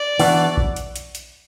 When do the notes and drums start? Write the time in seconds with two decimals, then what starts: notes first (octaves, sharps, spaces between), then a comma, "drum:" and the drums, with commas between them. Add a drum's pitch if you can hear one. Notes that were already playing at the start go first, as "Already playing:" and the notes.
Already playing: D5
0.19 E3 B3 D4 F#4, drum: open hi-hat
0.57 drum: kick A#1
0.76 drum: hi-hat
0.96 drum: hi-hat
1.15 drum: hi-hat